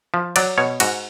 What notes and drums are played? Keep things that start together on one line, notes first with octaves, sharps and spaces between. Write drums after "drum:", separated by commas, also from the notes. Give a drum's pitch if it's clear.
F3
F#3 D5, drum: cymbal
B2 C#5
G#2 F#4, drum: cymbal